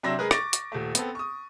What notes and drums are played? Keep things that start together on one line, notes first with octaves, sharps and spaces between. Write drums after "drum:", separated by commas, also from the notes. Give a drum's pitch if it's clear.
C3 F#3 D4 E5 C6 A#6
G#3 G#4 A#4 B4
C#6 D6 A6 A#6 D7, drum: rim click
drum: hi-hat
D#1 A3
B3 C4 A4, drum: hi-hat
C#6 D#6